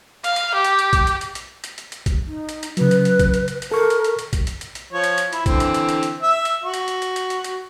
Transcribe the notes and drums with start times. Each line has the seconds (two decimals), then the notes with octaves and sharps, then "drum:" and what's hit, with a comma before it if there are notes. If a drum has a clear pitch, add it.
0.24 F5, drum: hi-hat
0.36 drum: hi-hat
0.54 G4
0.65 drum: hi-hat
0.79 drum: hi-hat
0.93 drum: kick A#1, hi-hat
1.07 drum: hi-hat
1.21 drum: hi-hat
1.35 drum: hi-hat
1.64 drum: hi-hat
1.78 drum: hi-hat
1.92 drum: hi-hat
2.06 drum: kick A#1, hi-hat
2.27 D#4
2.49 drum: hi-hat
2.63 drum: hi-hat
2.77 C#3 F#3 B4, drum: hi-hat
2.91 drum: hi-hat
3.05 drum: hi-hat
3.19 drum: kick A#1, hi-hat
3.34 drum: hi-hat
3.48 drum: hi-hat
3.62 drum: hi-hat
3.72 A4 A#4 C#6
3.90 drum: hi-hat
4.04 drum: hi-hat
4.19 drum: hi-hat
4.33 drum: kick A#1, hi-hat
4.47 drum: hi-hat
4.61 drum: hi-hat
4.75 drum: hi-hat
4.93 F3 C#5
5.04 drum: hi-hat
5.18 drum: hi-hat
5.33 E4, drum: hi-hat
5.46 D3 E3 C4, drum: kick A#1, hi-hat
5.60 drum: hi-hat
5.74 drum: hi-hat
5.89 drum: hi-hat
6.03 drum: hi-hat
6.22 E5
6.45 drum: hi-hat
6.63 F#4
6.74 drum: hi-hat
6.88 drum: hi-hat
7.02 drum: hi-hat
7.16 drum: hi-hat
7.30 drum: hi-hat
7.44 drum: hi-hat